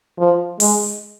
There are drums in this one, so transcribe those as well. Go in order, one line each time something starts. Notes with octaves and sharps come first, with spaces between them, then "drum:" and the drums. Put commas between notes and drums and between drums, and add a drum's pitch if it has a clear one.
F3
G#3, drum: open hi-hat